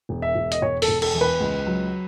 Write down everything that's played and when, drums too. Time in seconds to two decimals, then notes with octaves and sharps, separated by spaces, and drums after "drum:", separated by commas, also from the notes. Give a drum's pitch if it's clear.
0.09 E1
0.22 E5
0.35 E1
0.52 D#5, drum: hi-hat
0.62 E1 C#5
0.82 A4, drum: open hi-hat
0.88 E1
1.02 A4, drum: cymbal
1.14 E2
1.21 B4
1.41 C#2
1.67 F#3